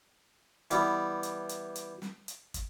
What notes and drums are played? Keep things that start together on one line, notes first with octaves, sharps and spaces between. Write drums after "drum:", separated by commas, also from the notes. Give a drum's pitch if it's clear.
E3 G3 B3, drum: hi-hat
drum: hi-hat
drum: hi-hat
drum: hi-hat
drum: snare
drum: hi-hat
drum: kick, hi-hat